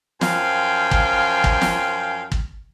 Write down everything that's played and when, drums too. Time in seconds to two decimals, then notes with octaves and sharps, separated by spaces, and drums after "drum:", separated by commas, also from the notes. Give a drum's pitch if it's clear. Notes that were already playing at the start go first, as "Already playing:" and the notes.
0.21 F#2 F3 C5 F5 G5 G#5, drum: snare
0.91 drum: kick
1.44 drum: kick
1.61 drum: snare
2.32 drum: kick